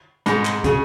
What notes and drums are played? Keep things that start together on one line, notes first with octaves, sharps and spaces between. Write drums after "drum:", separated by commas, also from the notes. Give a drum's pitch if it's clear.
G#2 G#3, drum: hi-hat
drum: clap
C#3, drum: kick, hi-hat